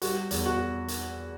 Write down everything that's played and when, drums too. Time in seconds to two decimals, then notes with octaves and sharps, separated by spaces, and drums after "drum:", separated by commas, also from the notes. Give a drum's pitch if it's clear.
0.02 G3 F#4, drum: hi-hat
0.31 E2, drum: hi-hat
0.46 F#4
0.88 drum: hi-hat